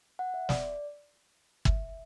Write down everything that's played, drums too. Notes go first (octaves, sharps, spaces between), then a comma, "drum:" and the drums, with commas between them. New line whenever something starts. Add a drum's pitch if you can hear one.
F#5
E5
D5, drum: snare
E5, drum: kick